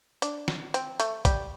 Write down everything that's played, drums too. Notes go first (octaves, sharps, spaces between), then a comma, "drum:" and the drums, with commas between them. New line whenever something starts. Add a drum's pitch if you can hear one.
D4, drum: hi-hat
drum: snare
C4, drum: hi-hat
A3, drum: hi-hat
G3, drum: kick A#1, hi-hat